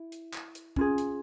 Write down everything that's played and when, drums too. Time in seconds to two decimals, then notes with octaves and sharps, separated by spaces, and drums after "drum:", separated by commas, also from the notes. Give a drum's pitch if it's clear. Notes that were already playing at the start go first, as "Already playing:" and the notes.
Already playing: E4
0.12 drum: hi-hat
0.34 drum: clap
0.55 drum: hi-hat
0.76 C#4 F4 G#4, drum: kick
0.98 drum: hi-hat